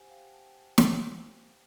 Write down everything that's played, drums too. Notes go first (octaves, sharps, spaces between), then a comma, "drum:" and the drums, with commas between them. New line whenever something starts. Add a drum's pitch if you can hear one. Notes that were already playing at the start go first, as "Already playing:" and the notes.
Already playing: G4 C5 F#5 G#5
F5 G5
G5 A5
drum: snare